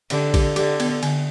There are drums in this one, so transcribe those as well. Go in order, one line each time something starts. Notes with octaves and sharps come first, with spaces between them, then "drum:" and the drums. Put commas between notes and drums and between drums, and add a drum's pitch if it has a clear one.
D3 G4, drum: cymbal
G4, drum: kick, cymbal
D3 G4, drum: cymbal
B3, drum: cymbal
D3, drum: cymbal